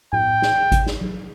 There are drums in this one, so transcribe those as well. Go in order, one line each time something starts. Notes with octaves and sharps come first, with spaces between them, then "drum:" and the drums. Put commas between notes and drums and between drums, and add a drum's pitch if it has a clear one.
G5, drum: tom A2
drum: snare
drum: kick G#1, hi-hat
drum: snare
drum: tom F#3